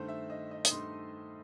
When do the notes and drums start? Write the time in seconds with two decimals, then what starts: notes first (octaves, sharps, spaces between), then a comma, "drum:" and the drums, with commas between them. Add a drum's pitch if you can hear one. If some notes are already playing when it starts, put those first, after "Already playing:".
Already playing: G2 D#3 A3 C5
0.08 E5
0.30 D#5
0.51 D#5
0.65 D#6, drum: hi-hat
0.71 G2 D#3 A3 C6